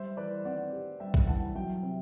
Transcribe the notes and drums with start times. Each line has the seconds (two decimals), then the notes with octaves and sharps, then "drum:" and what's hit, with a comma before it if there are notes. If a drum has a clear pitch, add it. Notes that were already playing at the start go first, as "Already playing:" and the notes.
Already playing: G3 C5 E5
0.17 E3 B4 D5
0.45 C4 D5 F#5
0.73 G4
1.00 G3 E5 G5
1.14 drum: kick A#1
1.27 E3 F#5 A5
1.55 F#3 E5 G5
1.83 C3